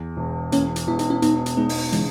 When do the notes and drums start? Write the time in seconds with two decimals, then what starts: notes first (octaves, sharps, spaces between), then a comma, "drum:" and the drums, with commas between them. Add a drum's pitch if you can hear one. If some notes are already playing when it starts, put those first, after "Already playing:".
Already playing: E2
0.17 E1
0.52 E2 A#3 C#4, drum: hi-hat
0.76 drum: hi-hat
0.87 E1 E4
0.99 D#4, drum: hi-hat
1.10 C#4 E4
1.22 B2 B3 D#4, drum: hi-hat
1.46 drum: hi-hat
1.57 G#3 B3 D#4
1.69 drum: open hi-hat
1.92 C#3 E3 G#3, drum: hi-hat